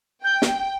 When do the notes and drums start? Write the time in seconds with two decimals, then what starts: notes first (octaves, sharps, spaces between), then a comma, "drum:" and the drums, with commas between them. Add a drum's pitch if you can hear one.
0.24 G5 G6
0.42 drum: snare